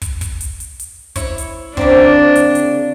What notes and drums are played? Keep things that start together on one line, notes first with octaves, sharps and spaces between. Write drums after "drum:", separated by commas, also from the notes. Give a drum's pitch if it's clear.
drum: kick, hi-hat
drum: kick, hi-hat
drum: hi-hat
drum: hi-hat
drum: hi-hat
E4 C#5, drum: kick, hi-hat
drum: hi-hat
C#3 A#3 C4 D4, drum: kick
drum: hi-hat
drum: hi-hat